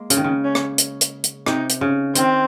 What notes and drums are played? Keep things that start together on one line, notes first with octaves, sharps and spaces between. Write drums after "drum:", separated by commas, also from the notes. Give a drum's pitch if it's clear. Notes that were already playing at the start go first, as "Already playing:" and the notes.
Already playing: G#3 A#3
C#3, drum: hi-hat
D#3
C#3
C#4
drum: rim click
drum: hi-hat
drum: hi-hat
drum: hi-hat
C3 D#4, drum: rim click
drum: hi-hat
C#3
D#3 C4, drum: hi-hat